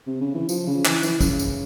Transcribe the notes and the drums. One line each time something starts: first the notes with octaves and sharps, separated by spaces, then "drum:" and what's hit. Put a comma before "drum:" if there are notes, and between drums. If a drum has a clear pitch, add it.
C3
C#3
E3
F3, drum: tambourine
C#3
E3, drum: clap
E3, drum: tambourine
C#3, drum: kick, tambourine
drum: tambourine